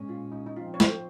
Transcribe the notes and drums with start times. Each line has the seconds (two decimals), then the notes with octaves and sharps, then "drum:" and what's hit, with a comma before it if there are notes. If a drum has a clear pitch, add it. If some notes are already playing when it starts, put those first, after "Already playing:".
Already playing: A#2 G#3 C#4
0.09 F4
0.32 D#4
0.46 D#4
0.56 F3 C4 F4
0.74 C#5
0.80 C5, drum: snare